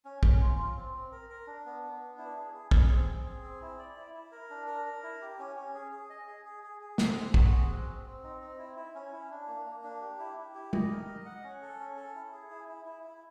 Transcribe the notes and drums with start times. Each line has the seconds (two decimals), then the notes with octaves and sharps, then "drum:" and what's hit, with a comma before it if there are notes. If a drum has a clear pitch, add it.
0.05 C#4
0.23 C#4, drum: kick
0.41 F4
0.58 F4
0.76 C4
0.94 C4
1.12 A#4
1.30 A#4
1.47 D4
1.65 B3
1.83 B3
2.01 D4
2.18 E4
2.37 G#4
2.54 G#4
2.71 G#4, drum: kick
2.89 C4
3.07 C4
3.25 G#4
3.43 C4
3.61 E4
3.79 D5
3.96 E4
4.14 E4
4.32 A#4
4.50 D4
4.67 A#4
4.86 A#4
5.03 E4
5.21 G4
5.39 C#4
5.56 C#4
5.74 G#4
5.92 G#4
6.10 D#5
6.27 G#4
6.45 G#4
6.63 G#4
6.81 G#4
6.98 C4, drum: snare
7.17 G#3
7.34 F#4, drum: kick
7.52 G#3
7.70 C4
7.88 C4
8.06 C4
8.24 D#4
8.41 C4
8.58 E4
8.76 E4
8.95 C#4
9.13 E4
9.30 D4
9.48 A#3
9.66 A#3
9.84 D4
10.01 G4
10.19 E4
10.37 E4
10.55 G4
10.73 D#5, drum: tom
10.91 A#4
11.07 D#5
11.25 F#5
11.43 C#4
11.62 A4
11.80 C#4
11.97 A4
12.15 E4
12.32 G#4
12.50 E4
12.68 E4
12.85 E4
13.03 E4